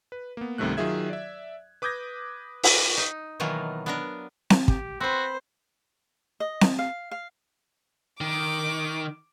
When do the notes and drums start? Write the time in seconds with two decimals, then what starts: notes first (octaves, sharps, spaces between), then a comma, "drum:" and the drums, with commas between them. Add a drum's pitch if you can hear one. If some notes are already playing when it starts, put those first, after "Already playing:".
0.12 B4
0.37 A#3 B3
0.58 C2 G2 C3 D#3 A3 F#6
0.77 D#3 F#3 F4 G#4 E5 G#6
1.09 D5 E5
1.82 B4 D6 D#6 G6 G#6 A#6
2.63 drum: open hi-hat
2.97 D#4
3.40 B2 D#3 E3 F#3 A#3 F4
3.86 B3 D4 A#4
4.50 drum: snare C4
4.68 G4, drum: kick
5.01 C4 F#4 B4 C5 B5
6.40 D#5
6.61 drum: snare C4
6.79 F5
7.11 F5
8.21 D#3 D6